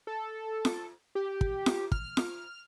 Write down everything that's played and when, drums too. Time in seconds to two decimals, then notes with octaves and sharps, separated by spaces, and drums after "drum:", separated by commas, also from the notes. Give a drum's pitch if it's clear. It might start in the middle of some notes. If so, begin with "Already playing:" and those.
0.07 A4
0.65 drum: snare F4
1.15 G4
1.41 drum: kick
1.66 drum: snare F4
1.92 F6, drum: kick
2.17 drum: snare F4